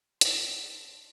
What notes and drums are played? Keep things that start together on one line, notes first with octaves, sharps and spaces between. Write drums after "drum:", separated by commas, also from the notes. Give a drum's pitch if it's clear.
G5 A5 C6, drum: hi-hat